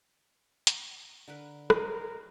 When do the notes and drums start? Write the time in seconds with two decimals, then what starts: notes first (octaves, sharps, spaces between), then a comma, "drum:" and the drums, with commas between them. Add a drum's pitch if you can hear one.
0.67 drum: hi-hat
1.28 D3 A#4 B4
1.70 A#4 C5 D#5, drum: rim click